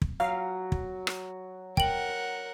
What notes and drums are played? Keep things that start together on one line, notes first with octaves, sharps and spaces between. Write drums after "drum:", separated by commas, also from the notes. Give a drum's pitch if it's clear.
drum: kick
F#3 F5
drum: kick
drum: rim click
A#4 F#5 G5 F#7, drum: kick